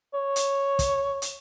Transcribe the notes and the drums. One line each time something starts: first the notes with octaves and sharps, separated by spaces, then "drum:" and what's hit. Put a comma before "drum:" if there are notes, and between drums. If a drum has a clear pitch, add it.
C#5
drum: hi-hat
drum: kick, hi-hat
drum: hi-hat